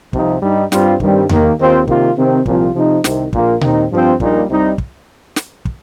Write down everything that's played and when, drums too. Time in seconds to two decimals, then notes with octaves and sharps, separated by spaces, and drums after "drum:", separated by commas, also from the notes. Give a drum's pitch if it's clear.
0.13 C2 C3 F3 D#4, drum: kick
0.42 G2 G3 D#4
0.72 G2 G3 C4 F4, drum: snare
1.00 G2 D#3 G3 C4, drum: kick
1.29 D#2 D#3 A#3, drum: tom E2
1.59 D#2 D#3 C4 F4
1.87 C3 D#3 A#3 F4, drum: kick
2.16 C3 D#3 C4
2.46 C2 A#2 F3 C4 F4, drum: kick
2.74 C3 F3 D#4
3.04 C2 C3 D#3, drum: snare
3.33 A#1 A#2 A#3 F4, drum: kick
3.61 D#2 D#3 C4 D#4, drum: tom A#2
3.90 G2 F3 C4 F4
4.20 A#1 A#2 G3 A#3 D#4, drum: kick
4.49 C2 C3 G3 D#4
4.78 drum: kick
5.36 drum: snare
5.65 drum: kick